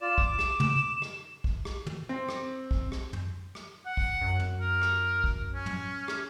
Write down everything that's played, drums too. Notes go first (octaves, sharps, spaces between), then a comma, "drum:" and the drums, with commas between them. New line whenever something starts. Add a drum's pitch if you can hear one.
F4 D5 E7
D6, drum: kick
drum: rim click
drum: tom
drum: rim click
drum: kick
drum: rim click
drum: tom
C4
drum: rim click
drum: kick
drum: rim click
drum: tom
drum: rim click
F#5
drum: kick
F#2
drum: tom
A#4
drum: rim click
drum: kick
C#4
drum: tom
drum: rim click